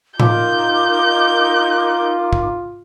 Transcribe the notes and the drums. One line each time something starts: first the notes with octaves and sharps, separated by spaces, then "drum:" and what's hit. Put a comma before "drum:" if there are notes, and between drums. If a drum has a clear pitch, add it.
D#4 F4 A#4 D6 G6, drum: tom A2
drum: kick